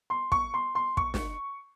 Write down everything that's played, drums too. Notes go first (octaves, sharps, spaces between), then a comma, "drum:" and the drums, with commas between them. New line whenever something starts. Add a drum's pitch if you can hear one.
C6
C#6, drum: kick
C6
C6
C#6, drum: kick
drum: snare